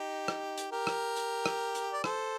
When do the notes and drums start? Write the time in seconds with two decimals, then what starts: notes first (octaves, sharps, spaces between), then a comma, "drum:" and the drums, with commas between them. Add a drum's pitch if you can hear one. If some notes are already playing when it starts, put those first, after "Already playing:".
Already playing: D#4 G4
0.28 drum: rim click
0.58 drum: hi-hat
0.72 G4 A#4
0.87 drum: rim click
1.16 drum: hi-hat
1.46 drum: rim click
1.75 drum: hi-hat
1.93 D5
2.04 A4 C5, drum: rim click